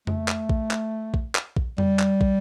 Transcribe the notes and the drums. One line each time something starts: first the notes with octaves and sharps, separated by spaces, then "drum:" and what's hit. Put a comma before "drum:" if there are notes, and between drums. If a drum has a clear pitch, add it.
A3, drum: tom F2
drum: clap
drum: kick
drum: clap
drum: kick
drum: clap
drum: kick
G3, drum: tom F2
drum: clap
drum: kick